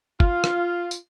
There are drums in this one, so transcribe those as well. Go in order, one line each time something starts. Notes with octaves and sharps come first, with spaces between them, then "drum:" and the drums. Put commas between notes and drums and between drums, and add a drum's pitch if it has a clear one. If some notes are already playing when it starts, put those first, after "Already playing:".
F4, drum: kick
drum: rim click
drum: tambourine